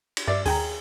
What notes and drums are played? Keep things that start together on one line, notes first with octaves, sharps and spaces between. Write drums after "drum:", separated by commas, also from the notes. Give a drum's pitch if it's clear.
drum: cymbal
G2 D5 E5 C7
D#2 G#4 G5 A#5, drum: open hi-hat